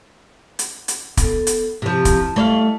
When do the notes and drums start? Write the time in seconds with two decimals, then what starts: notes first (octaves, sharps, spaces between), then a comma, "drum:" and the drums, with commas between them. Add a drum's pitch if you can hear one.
0.59 drum: hi-hat
0.88 drum: hi-hat
1.17 B3 A4, drum: kick, hi-hat
1.47 drum: hi-hat
1.82 C3 F3 E4 A5
2.05 drum: kick, hi-hat
2.36 A3 C#5 F5